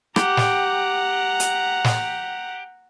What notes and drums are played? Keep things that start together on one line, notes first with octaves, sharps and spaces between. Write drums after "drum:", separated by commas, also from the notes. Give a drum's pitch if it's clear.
G4 F#5 A#5, drum: rim click
drum: snare
drum: hi-hat
drum: snare